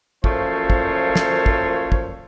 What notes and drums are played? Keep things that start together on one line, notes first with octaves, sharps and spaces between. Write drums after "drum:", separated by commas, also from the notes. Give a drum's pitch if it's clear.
F#2 A#2 F3 A3 C5 C#5, drum: kick
drum: kick
drum: snare
drum: kick
drum: kick